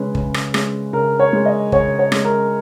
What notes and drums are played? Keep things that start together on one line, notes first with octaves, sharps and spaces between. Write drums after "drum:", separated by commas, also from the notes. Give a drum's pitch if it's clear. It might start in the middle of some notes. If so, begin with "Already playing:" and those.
Already playing: C#3 G#3 C#4 B4
C#3, drum: kick
drum: rim click
G#3 C#4, drum: rim click
C#3 A#4
C#5
G#3 C#4
D#5
C#3 C#5, drum: kick
C#5
G#3 C#4, drum: rim click
A#4